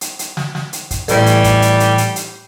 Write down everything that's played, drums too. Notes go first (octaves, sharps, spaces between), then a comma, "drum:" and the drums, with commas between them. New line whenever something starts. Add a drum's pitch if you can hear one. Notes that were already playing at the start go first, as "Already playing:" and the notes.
drum: hi-hat
drum: hi-hat
drum: snare
drum: snare
drum: hi-hat
drum: kick, hi-hat
A1 E3 G3, drum: hi-hat
drum: hi-hat
drum: kick, hi-hat
drum: hi-hat
drum: hi-hat
drum: hi-hat
drum: hi-hat